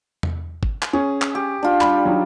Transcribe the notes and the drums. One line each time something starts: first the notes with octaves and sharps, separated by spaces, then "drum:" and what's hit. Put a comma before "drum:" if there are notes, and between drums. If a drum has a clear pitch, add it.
drum: tom E2
drum: kick G1
drum: clap
C#4 G#4
drum: clap
G4
D4 F4
G3 B5, drum: clap
F#3 D#4